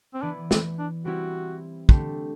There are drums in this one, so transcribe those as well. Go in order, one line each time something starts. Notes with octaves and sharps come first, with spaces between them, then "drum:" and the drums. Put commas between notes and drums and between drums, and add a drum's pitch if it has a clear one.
C4
E3 B3 D4 E4 B4 D5
C4, drum: snare
D4
G3 C4 E4 F#4 G4
D3 A3 D4 G4, drum: kick